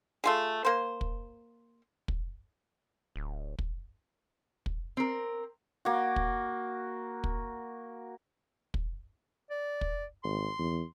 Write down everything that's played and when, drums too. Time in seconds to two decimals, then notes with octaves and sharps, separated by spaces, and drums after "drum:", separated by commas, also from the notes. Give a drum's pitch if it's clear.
0.24 A3 F4 G#4
0.65 A#3 C5
1.01 drum: kick
2.08 drum: kick
3.16 D1
3.59 drum: kick
4.66 drum: kick
4.97 C4 A#4
5.85 A#3 F#4
6.16 drum: kick
7.24 drum: kick
8.74 drum: kick
9.50 D5
9.81 drum: kick
10.24 G#1 C6
10.59 E2